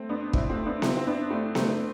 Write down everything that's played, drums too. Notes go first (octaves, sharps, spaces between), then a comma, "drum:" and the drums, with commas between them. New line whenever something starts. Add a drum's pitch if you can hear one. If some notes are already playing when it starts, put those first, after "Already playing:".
Already playing: A3 C4
B3 D4
C4 E4, drum: kick
A3 C4
B3 D4
C4 E4, drum: snare B3
C4
B3 D4
A3 C4
A3 C4, drum: snare B3